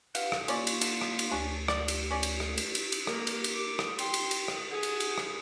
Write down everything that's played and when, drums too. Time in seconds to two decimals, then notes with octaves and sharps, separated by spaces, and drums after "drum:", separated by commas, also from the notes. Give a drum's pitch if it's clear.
0.15 B4 F5 F#5, drum: cymbal
0.32 drum: rim click
0.48 A#3 C#4 F4 C#5 D5, drum: cymbal
0.67 drum: cymbal
0.81 D3, drum: cymbal
1.01 drum: rim click
1.19 drum: cymbal
1.31 D2 C#4 D4
1.68 D5, drum: rim click
1.88 drum: cymbal
2.11 C#4 D5
2.23 drum: cymbal
2.40 drum: rim click
2.58 drum: cymbal
2.75 drum: cymbal
2.92 drum: cymbal
3.07 A#3 A#4, drum: rim click
3.27 drum: cymbal
3.44 drum: cymbal
3.54 D6
3.79 drum: rim click
3.99 G5 C6, drum: cymbal
4.14 drum: cymbal
4.31 drum: cymbal
4.48 drum: rim click
4.70 G#4 F#5
4.83 drum: cymbal
5.00 drum: cymbal
5.18 drum: rim click